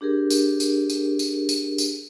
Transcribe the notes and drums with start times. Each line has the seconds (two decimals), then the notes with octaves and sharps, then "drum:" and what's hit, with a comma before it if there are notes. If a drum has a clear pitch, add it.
0.01 D4 G4 G#4 A#4
0.30 drum: tambourine
0.60 drum: tambourine
0.90 drum: tambourine
1.19 drum: tambourine
1.49 drum: tambourine
1.78 drum: tambourine